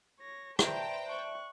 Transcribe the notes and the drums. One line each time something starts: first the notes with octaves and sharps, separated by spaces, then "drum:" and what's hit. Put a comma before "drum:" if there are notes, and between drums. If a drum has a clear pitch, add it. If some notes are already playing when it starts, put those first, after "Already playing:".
C#5 A#6
B4 C5 D5 E5 G5 A5 A#5, drum: rim click
C#6 F#6